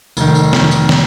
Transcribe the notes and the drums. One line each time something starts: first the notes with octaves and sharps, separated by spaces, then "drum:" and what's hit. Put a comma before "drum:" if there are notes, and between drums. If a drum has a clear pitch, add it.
F1 D#3, drum: tambourine
drum: tambourine
drum: snare
drum: tambourine
drum: snare